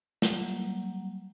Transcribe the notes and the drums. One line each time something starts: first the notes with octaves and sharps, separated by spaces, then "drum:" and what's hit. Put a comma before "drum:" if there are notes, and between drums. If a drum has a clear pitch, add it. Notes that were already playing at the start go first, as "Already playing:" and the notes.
F#3 G3 A#3, drum: snare